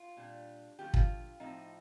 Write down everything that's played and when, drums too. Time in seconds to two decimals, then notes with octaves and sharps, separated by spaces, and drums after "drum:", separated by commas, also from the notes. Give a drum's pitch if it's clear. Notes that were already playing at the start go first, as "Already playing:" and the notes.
Already playing: F4
0.17 A#2 G3 D4
0.78 D3 F3 A3 G4
0.94 F4, drum: kick
1.40 A2 F3 C4 D#4